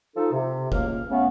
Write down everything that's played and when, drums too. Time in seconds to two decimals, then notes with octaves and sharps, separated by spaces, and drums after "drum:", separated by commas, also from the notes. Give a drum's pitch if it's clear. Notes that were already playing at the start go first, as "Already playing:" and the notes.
0.15 F3 D#4 F4 A4
0.32 C3
0.72 C#2 A#3 F5 F6, drum: kick F#1
1.09 C#3 A3 B3 C#4